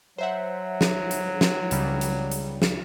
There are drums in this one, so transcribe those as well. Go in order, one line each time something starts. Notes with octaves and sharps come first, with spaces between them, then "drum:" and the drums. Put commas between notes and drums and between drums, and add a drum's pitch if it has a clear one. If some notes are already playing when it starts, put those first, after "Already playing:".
F#3 C5 E5 F#5
drum: snare
drum: hi-hat
drum: snare
C#2 C#3 G3, drum: hi-hat
drum: hi-hat
drum: hi-hat
drum: snare